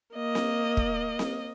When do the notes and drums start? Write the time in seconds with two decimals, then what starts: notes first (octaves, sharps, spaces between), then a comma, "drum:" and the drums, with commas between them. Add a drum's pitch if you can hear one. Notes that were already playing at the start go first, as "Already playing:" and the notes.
0.14 A#3 D#5
0.35 drum: snare C4
0.77 drum: kick
1.19 drum: snare C4